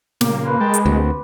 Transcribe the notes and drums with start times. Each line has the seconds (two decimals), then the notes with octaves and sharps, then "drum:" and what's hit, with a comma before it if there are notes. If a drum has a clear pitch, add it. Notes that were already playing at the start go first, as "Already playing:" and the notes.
0.21 A#2 C#3 A#3 G4, drum: snare
0.43 B4 C6
0.61 G#3 A#4 G5 A5
0.74 drum: hi-hat
0.86 D2 A#3 C4 F#4